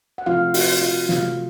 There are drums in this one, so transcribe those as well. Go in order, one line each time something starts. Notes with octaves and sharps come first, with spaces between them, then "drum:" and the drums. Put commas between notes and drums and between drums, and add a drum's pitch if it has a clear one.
F#5
C3 F3 A3 C4 F4 F5
F#4 F#5, drum: open hi-hat
F4 F5
C3 F3 A3 C4 F4 F5, drum: snare